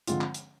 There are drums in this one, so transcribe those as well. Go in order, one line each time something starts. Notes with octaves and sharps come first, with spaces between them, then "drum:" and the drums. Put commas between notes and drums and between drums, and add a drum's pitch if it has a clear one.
D3 F3 G#3 C4 F4, drum: hi-hat
drum: clap
drum: hi-hat